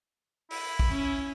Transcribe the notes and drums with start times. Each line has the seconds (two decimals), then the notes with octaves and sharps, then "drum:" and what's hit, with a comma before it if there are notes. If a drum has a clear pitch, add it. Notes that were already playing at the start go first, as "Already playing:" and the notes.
0.51 E4, drum: open hi-hat
0.79 drum: kick
0.90 C#4